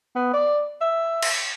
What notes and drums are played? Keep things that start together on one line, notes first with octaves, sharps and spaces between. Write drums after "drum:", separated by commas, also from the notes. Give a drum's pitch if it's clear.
B3
D5
E5
drum: cymbal